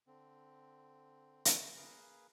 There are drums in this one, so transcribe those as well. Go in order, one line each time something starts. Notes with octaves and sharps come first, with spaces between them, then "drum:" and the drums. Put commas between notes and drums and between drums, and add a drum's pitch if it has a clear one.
D3 C4
drum: hi-hat
A#3 G#4 B4 F5